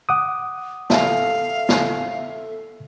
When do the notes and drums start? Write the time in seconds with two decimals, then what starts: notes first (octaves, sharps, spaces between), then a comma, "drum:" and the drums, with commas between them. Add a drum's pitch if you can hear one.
0.09 F#5 D6 D#6
0.90 A4 E5 F5, drum: snare
1.69 drum: snare